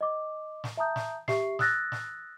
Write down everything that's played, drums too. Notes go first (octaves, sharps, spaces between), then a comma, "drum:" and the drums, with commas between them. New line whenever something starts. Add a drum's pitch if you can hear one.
D#5 D6
drum: snare
E5 A5 A#5 D#6 G6
drum: snare
G4 E5 C#6 C7, drum: snare
D#6 E6 F#6 A6 A#6, drum: snare
drum: snare